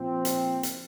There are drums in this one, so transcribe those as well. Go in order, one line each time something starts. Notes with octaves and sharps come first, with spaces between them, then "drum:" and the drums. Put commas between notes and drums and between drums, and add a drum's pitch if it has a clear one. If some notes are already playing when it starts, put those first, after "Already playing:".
Already playing: A#2 F3 C4
drum: hi-hat
drum: hi-hat